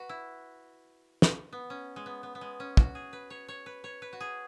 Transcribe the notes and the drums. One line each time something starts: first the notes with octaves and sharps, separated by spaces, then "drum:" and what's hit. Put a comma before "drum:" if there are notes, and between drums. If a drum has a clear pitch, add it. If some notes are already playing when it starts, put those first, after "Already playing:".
Already playing: F#4 B4
E4
drum: snare
B3
C#4
G#3
B3
B3
B3
G#3
C#4
F#4, drum: kick
G#4
B4
C#5
C#5
B4
C#5
B4
F#4
G#4